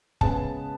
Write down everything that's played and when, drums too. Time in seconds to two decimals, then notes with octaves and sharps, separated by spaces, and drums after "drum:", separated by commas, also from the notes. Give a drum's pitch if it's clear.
0.21 C#3 G#3 B3 A5, drum: kick